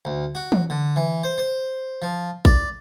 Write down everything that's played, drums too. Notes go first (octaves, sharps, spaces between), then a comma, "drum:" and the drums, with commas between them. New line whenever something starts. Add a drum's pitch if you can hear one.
D2
F#4
drum: tom E3
D3
E3
C5
C5
F3
D5, drum: kick A1